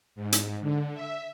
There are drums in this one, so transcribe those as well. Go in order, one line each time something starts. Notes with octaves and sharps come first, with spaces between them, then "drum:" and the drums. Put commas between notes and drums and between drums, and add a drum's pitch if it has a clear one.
G#2
drum: hi-hat
D3
E5